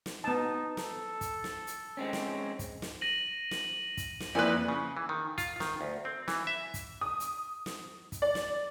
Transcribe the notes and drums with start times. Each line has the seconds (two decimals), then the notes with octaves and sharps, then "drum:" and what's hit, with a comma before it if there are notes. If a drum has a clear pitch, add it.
0.06 drum: snare
0.24 B3 D#4 A5
0.77 A4, drum: snare
1.21 drum: kick, hi-hat
1.44 drum: snare
1.67 drum: hi-hat
1.97 G#3 C4 C#4
2.13 drum: snare
2.59 drum: kick, hi-hat
2.82 drum: snare
3.01 A#6 D#7 F#7
3.51 drum: snare
3.97 drum: kick, hi-hat
4.20 drum: snare
4.35 F2 E3 A#3 B4 D5 G#5
4.68 C#3
4.97 E3
5.09 D#3
5.38 F4, drum: kick, hi-hat
5.60 D#3, drum: snare
5.81 D2
6.05 C4
6.28 E3, drum: snare
6.47 E5
6.74 drum: kick, hi-hat
7.01 D#6
7.20 drum: hi-hat
7.66 drum: snare
8.12 drum: kick, hi-hat
8.22 D5
8.35 drum: snare